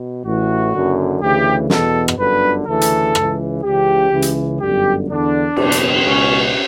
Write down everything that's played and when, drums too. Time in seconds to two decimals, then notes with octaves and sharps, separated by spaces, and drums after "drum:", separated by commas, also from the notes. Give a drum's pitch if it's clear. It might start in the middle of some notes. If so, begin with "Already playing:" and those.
Already playing: B2
0.25 A1 A2 E3 F#4
0.73 F#1 F#2 D3
1.21 D2 C#3 E3 G4
1.70 E2 B2 A4, drum: snare
2.08 drum: rim click
2.18 G1 F#2 D3 B4
2.67 D2 C#3 E3 A4
2.81 drum: hi-hat
3.15 C#2 C#3 E3, drum: rim click
3.63 C#2 C#3 E3 G4
4.12 C#2 C#3 E3
4.22 drum: hi-hat
4.60 G1 F#2 D3 G4
5.09 E2 D3 D4
5.56 F#1 E2 B2, drum: cymbal
5.72 drum: hi-hat
6.05 C#2 B2 C#4